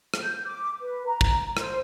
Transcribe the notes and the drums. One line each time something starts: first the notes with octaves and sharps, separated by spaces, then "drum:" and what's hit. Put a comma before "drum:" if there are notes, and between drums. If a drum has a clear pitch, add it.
drum: rim click
G6
D6
B4
A#5
drum: kick
C5, drum: rim click